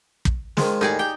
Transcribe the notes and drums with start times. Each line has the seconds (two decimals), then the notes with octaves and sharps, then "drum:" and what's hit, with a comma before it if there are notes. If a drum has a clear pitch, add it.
0.25 drum: kick
0.57 D#3 F3 G#3, drum: snare
0.81 D#2 A2 D#4 G#4 D5
0.99 G4 G5